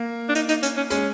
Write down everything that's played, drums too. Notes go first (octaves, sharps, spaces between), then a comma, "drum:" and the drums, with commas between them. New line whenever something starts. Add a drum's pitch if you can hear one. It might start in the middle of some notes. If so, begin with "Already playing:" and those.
Already playing: A#3
D4
D#4, drum: hi-hat
D#4, drum: hi-hat
C#4, drum: hi-hat
C#4
G#3 C#4, drum: hi-hat